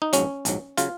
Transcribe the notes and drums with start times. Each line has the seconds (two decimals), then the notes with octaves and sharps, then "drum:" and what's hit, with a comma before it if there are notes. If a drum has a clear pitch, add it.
0.02 D#4
0.13 A#1 G#2 F#3 C#4, drum: hi-hat
0.45 A#1 G#2 F#3, drum: hi-hat
0.77 C#3 F#3 F4, drum: hi-hat